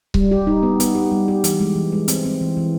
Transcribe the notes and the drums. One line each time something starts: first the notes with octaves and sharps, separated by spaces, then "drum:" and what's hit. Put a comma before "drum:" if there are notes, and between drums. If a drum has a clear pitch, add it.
G3, drum: kick C#1
G4
D#4
B3
B3, drum: hi-hat
G4
G3
G4
E3, drum: hi-hat
G#3
E3
G#3
C4, drum: hi-hat
C4
E3
E3